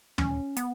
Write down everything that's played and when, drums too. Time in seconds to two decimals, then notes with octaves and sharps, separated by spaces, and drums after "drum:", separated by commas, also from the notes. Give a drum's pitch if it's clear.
0.18 C#4, drum: tom
0.57 B3, drum: hi-hat